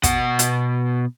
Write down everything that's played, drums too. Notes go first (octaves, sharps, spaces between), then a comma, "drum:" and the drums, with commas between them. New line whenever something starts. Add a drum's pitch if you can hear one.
B2 F#5, drum: kick, hi-hat
drum: hi-hat